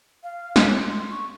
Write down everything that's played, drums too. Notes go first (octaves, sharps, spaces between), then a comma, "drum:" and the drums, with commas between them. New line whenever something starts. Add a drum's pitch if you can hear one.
F5
C#5, drum: snare
C6
C#6